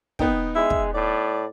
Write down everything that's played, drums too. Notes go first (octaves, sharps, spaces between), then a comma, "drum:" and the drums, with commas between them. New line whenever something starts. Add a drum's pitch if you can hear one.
B3 D#4 G5, drum: kick
G#3 E5
drum: kick
A2 D5